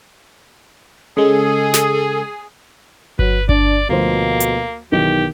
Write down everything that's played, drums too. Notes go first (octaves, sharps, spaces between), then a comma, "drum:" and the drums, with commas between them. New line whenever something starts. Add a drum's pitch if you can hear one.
C#3 G#3 G#4 A4
drum: snare
F#3 B4, drum: kick G1
D4 D5, drum: kick G1
D2 B2 F3 A#3 C5
drum: hi-hat
B1 D#3 E3 G4